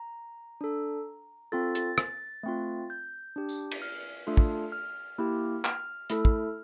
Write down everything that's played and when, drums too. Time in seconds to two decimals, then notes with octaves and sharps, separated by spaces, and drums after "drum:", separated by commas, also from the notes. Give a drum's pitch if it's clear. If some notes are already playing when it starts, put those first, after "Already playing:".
Already playing: A#5
0.61 D4 A4
1.52 C4 F4 A4 A6
1.75 A6, drum: hi-hat
1.98 A6, drum: rim click
2.43 A3 C4 F4
2.90 G6
3.36 D4 G4
3.49 drum: tambourine
3.71 drum: cymbal
3.82 F6
4.27 A3 D4 F4 A4
4.37 drum: kick
4.72 F6
5.18 A#3 E4 G4
5.65 F6, drum: clap
6.10 A3 E4 A4, drum: hi-hat
6.25 drum: kick